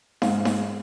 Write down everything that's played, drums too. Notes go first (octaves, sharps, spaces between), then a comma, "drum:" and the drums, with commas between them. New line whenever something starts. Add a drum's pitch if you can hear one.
G#2 F5, drum: snare D#4
drum: snare D#4